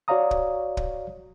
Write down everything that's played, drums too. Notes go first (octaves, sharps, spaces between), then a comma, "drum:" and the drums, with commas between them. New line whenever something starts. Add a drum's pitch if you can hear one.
F#4 C#5 D5 F5 A#5 D#6
drum: kick
drum: kick